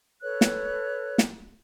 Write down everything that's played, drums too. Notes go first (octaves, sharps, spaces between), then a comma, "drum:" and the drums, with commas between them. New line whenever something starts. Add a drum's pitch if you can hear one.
A4 B4 C#5 F#6
drum: snare
drum: snare